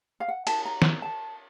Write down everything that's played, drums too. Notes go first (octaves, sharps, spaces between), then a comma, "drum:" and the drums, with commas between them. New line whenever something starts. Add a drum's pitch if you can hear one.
F5
F#5
A5, drum: cymbal
A#5
drum: snare
A5